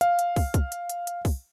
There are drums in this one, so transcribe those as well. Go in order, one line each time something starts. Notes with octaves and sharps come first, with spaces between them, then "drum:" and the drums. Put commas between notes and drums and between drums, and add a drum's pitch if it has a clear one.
F5, drum: hi-hat
drum: hi-hat
drum: kick, open hi-hat
drum: kick, hi-hat
drum: hi-hat
drum: hi-hat
drum: hi-hat
drum: kick, open hi-hat